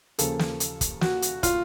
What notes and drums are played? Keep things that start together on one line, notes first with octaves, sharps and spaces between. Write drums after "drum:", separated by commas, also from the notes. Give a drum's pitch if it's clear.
D#2 C#3 F3 A#3 A4, drum: hi-hat
drum: snare
drum: hi-hat
drum: kick, hi-hat
F#4, drum: snare
drum: hi-hat
F4, drum: kick, hi-hat